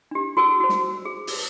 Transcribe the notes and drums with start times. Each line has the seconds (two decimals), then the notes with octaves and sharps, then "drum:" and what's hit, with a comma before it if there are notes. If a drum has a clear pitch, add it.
0.11 D4 G4
0.37 F#4 G#4 A#4 G#5 D#6 E6
0.60 F#4 C5
0.69 drum: snare
1.05 G#4
1.27 drum: open hi-hat